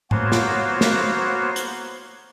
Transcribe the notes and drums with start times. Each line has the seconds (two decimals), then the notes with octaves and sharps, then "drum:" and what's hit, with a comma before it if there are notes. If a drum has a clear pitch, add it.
0.11 A#3 B3 F#4 C5 C#5, drum: tom A2
0.32 drum: snare
0.81 drum: snare
1.56 drum: hi-hat